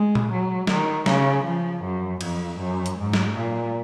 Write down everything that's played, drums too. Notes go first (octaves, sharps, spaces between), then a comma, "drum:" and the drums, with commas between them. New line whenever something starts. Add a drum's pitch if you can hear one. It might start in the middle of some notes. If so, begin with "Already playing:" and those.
Already playing: G#3
drum: tom A#2
F#3
D#3, drum: snare
C#3, drum: snare
F3
F#2
F2, drum: cymbal
F#2
drum: hi-hat
G#2
drum: snare
A#2